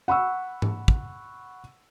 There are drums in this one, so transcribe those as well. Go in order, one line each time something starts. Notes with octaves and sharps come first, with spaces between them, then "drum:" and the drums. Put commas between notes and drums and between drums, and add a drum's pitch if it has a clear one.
F#5 B5 C#6 E6
drum: tom G#2
drum: kick